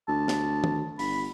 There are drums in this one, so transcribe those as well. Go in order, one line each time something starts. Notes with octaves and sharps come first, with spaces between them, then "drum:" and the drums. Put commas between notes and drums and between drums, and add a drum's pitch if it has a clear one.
D2 A5
drum: snare
drum: tom
G1 B5, drum: open hi-hat